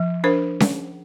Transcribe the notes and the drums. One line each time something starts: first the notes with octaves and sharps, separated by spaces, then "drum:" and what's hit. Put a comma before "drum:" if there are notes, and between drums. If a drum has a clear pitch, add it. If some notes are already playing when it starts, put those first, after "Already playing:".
Already playing: F3
D4 A#4 C5
drum: snare C#4